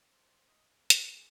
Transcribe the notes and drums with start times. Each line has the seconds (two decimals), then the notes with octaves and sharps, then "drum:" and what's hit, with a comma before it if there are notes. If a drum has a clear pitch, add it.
0.11 C5
0.29 C5
0.48 D#5
0.90 A#4, drum: hi-hat
1.14 G#4